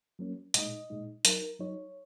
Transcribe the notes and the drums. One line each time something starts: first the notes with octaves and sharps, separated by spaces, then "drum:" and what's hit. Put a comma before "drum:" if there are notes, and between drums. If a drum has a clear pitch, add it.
F#3 A#3 C#4
A#2 G#3 D#4 D#5, drum: hi-hat
A#2 G#3 D#4
F#3 D#4 A#4, drum: hi-hat
F#3 D#4 C#5